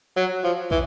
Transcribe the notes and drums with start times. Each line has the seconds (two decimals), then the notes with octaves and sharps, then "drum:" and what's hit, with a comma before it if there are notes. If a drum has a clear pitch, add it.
0.17 F#3
0.44 F3
0.71 E3, drum: kick